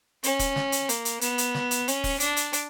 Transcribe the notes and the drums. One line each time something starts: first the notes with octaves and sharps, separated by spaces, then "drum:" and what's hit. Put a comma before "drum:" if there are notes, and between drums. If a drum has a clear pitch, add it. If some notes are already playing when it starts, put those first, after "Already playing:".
C#4, drum: hi-hat
drum: kick, hi-hat
drum: snare
drum: hi-hat
A#3, drum: hi-hat
drum: hi-hat
B3, drum: hi-hat
drum: hi-hat
drum: snare
drum: hi-hat
C#4, drum: hi-hat
drum: kick, open hi-hat
D4, drum: hi-hat
drum: hi-hat
drum: hi-hat